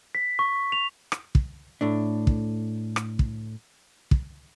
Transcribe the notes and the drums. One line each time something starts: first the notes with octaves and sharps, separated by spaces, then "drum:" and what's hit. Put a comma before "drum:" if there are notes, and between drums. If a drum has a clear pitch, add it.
B6
C#6
F7
drum: rim click
drum: kick
A2 A3 D4
drum: kick
drum: rim click
drum: kick
drum: kick